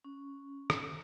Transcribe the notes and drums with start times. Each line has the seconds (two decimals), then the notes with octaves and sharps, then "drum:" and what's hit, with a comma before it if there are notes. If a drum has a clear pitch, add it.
0.04 C#4
0.70 drum: rim click